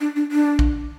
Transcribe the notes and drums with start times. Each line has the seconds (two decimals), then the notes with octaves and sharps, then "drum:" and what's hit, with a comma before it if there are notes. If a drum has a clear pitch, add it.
0.01 D4
0.16 D4
0.32 D4
0.59 drum: kick A#1